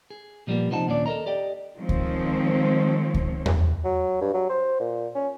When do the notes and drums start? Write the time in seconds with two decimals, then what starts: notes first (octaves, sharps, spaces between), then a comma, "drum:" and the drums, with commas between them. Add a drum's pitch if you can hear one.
0.10 G#4
0.47 A#2 F3 G3 G#3 A#3 B3
0.70 C#2 C3 F3 D#4 F#5 A5
0.87 D#2 A#2 C#4 D4 D5
1.06 A4 A#4 C5 D#5 A#5
1.26 G4 D5 D#5 G5
1.79 D#3 F3 G#3 C4 C#5
1.89 drum: kick C#2
3.14 drum: kick C#2
3.46 drum: tom E2
3.84 F#3
4.21 G2
4.34 F#3
4.49 C5
4.80 A#2
5.15 C#4